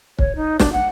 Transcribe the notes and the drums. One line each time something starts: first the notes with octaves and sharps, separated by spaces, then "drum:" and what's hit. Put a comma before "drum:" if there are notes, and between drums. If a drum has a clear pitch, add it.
C#5, drum: kick
D#4
D4, drum: snare
F#5